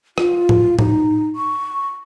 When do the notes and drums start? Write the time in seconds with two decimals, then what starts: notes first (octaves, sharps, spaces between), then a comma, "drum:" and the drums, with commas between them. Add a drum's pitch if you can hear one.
0.18 F4, drum: rim click
0.49 drum: tom A2
0.79 D#4, drum: tom A2
1.36 C#6